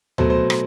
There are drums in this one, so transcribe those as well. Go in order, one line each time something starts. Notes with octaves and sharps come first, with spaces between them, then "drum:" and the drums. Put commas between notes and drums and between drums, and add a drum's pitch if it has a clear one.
B2 F#3 A3 C5, drum: tom D2
C5
drum: rim click